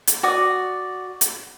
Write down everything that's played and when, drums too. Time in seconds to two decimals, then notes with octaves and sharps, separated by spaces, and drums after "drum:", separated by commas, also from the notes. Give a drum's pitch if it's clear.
0.07 drum: hi-hat
0.23 F#4 D5 D#6
1.21 drum: hi-hat